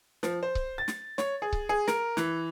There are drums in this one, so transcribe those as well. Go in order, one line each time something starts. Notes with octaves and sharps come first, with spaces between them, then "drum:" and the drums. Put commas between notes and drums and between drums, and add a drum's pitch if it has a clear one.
F3, drum: snare
C5
drum: kick C#1
A6
drum: snare
C#5, drum: snare
G#4
drum: kick C#1
G#4
A#4, drum: snare
E3, drum: snare